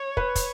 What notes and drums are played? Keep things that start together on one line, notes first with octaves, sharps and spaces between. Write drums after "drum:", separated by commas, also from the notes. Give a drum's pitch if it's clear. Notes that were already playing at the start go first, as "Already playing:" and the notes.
Already playing: C#5
B4, drum: kick
drum: kick, hi-hat